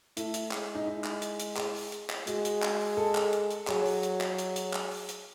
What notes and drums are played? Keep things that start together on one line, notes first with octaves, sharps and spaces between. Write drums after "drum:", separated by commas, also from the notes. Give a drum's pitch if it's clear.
A3 E4, drum: hi-hat
drum: hi-hat
G#3, drum: clap
D#4
E4
drum: clap
drum: hi-hat
drum: hi-hat
G#4, drum: clap
drum: open hi-hat
drum: hi-hat
drum: clap
G#3 F#4, drum: hi-hat
drum: hi-hat
drum: clap
drum: open hi-hat
A4
drum: clap
drum: hi-hat
drum: hi-hat
F#3 G#4, drum: clap
drum: open hi-hat
drum: hi-hat
drum: clap
drum: hi-hat
drum: hi-hat
drum: clap
drum: open hi-hat
drum: hi-hat